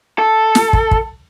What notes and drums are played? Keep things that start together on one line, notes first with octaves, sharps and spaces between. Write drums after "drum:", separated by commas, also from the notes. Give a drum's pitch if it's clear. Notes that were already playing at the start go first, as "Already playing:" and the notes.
A4
drum: snare
drum: kick
drum: kick